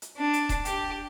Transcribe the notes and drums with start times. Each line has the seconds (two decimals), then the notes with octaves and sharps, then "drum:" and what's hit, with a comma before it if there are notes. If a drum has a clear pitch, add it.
0.02 drum: hi-hat
0.17 D4
0.33 drum: hi-hat
0.49 drum: kick D#1, hi-hat
0.65 G4, drum: hi-hat